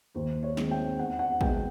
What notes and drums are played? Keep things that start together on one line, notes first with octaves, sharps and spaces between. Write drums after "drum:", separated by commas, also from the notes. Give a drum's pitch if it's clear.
D#2 C5
C#5
D#3 G#3 C4, drum: snare
G5
E2 F#5
F#5
B2 G#3 B3 G5, drum: kick